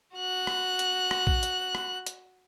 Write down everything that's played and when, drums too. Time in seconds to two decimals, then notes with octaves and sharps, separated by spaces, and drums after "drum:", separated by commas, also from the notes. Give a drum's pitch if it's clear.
0.15 F#4 F#6
0.47 drum: rim click
0.79 drum: hi-hat
1.11 drum: rim click
1.27 drum: kick
1.43 drum: hi-hat
1.75 drum: rim click
2.06 drum: hi-hat